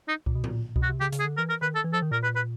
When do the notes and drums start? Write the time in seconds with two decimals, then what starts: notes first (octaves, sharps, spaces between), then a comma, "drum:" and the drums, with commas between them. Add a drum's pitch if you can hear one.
0.08 D#4
0.26 A#2, drum: kick C2
0.35 B2
0.44 A#2, drum: tom A2
0.76 B2, drum: kick C2
0.83 F#4
0.89 C3
1.00 C#3 G4
1.12 C#3, drum: hi-hat
1.19 G#4
1.25 D3
1.37 E3 A#4
1.49 A#4
1.62 D#3 B4
1.75 A4
1.84 E3
1.93 F3 A4
2.02 D#3
2.11 A#2 A#4
2.23 B4
2.36 B4